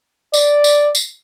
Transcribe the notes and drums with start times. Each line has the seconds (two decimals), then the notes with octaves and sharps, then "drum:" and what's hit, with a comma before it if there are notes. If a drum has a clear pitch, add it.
0.34 D5, drum: tambourine
0.64 drum: tambourine
0.95 drum: tambourine